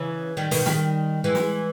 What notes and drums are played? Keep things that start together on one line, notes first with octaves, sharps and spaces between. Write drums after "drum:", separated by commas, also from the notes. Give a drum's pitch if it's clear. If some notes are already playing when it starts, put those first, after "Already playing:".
Already playing: C#3 E3
D#3 G3
B2 D#3, drum: open hi-hat
D#3 G3, drum: snare
E3 G#3
drum: snare